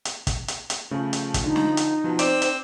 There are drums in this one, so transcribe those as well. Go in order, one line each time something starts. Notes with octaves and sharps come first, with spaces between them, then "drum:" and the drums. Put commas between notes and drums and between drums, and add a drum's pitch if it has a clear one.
drum: hi-hat
drum: kick, hi-hat
drum: hi-hat
drum: hi-hat
C#3 F3 A3 C#4
drum: hi-hat
drum: kick, hi-hat
D3 D#4
drum: snare
drum: hi-hat
B2 F3
C4 C5 D5 D6 D7, drum: hi-hat
drum: hi-hat